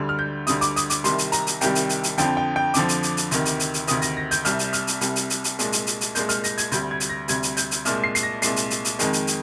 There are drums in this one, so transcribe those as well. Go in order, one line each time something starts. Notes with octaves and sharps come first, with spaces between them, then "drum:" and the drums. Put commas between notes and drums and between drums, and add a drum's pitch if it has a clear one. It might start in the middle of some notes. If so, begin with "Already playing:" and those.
Already playing: D2 D3 G3
F6
G6
D2 D3 G3 D#6, drum: hi-hat
D6, drum: hi-hat
D#6, drum: hi-hat
D6, drum: hi-hat
C2 C3 D#3 G3 C6, drum: hi-hat
drum: hi-hat
A#5, drum: hi-hat
drum: hi-hat
C2 C3 D#3 G3 G5, drum: hi-hat
drum: hi-hat
drum: hi-hat
drum: hi-hat
F2 D3 F3 G5, drum: hi-hat
G5
G5
F2 D3 F3 D6, drum: hi-hat
drum: hi-hat
drum: hi-hat
drum: hi-hat
D2 C3 D#3, drum: hi-hat
drum: hi-hat
drum: hi-hat
drum: hi-hat
D2 C3 D#3 D#6, drum: hi-hat
A#6, drum: hi-hat
A#6
G6, drum: hi-hat
C2 C3 G3 F6, drum: hi-hat
drum: hi-hat
F6, drum: hi-hat
drum: hi-hat
C2 C3 G3, drum: hi-hat
drum: hi-hat
drum: hi-hat
drum: hi-hat
C2 A#2 G#3, drum: hi-hat
drum: hi-hat
drum: hi-hat
drum: hi-hat
C2 A#2 G#3 G6, drum: hi-hat
F6, drum: hi-hat
A#6, drum: hi-hat
G#6, drum: hi-hat
D2 C3 G3 G6, drum: hi-hat
G#6
drum: hi-hat
A#6
D2 C3 G3 G#6, drum: hi-hat
drum: hi-hat
G6, drum: hi-hat
drum: hi-hat
C2 A#2 G#3 F6, drum: hi-hat
C7
C7, drum: hi-hat
A#6
C2 A#2 G#3 C7, drum: hi-hat
drum: hi-hat
drum: hi-hat
drum: hi-hat
F2 D#3 G#3, drum: hi-hat
drum: hi-hat
drum: hi-hat